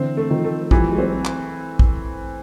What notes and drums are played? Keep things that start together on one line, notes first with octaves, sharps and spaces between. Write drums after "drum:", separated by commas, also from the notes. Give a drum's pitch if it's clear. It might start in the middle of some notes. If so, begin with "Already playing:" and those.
Already playing: D3 E3 C4
A3
D#3 F3
A3
E3 F3 G3, drum: kick
F#3 G#3
C4
drum: clap
drum: kick